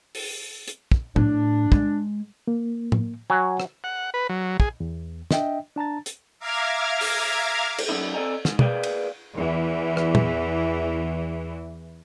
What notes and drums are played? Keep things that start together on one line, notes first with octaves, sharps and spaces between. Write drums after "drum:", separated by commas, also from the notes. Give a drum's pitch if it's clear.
drum: open hi-hat
drum: hi-hat
drum: kick
A2 D4, drum: tom A2
G#3, drum: kick
A#3
drum: tom A2
F#3 G#5
drum: rim click
F#5
B4
F#3
G#4, drum: kick
E2
D4 D#5 E5 G5, drum: snare
D4 A5 A#5 A6
drum: hi-hat
E5 F5 A#5 D6 F6 G#6
drum: open hi-hat
drum: cymbal
F#3 G3 A#3 C#4 D#4 E4
C4 A4 D5 D#5 G#5 A#5
G#2, drum: snare
A#3 G#4 B4 D5 F5 G5, drum: tom
drum: cymbal
E2 E3
drum: rim click
drum: tom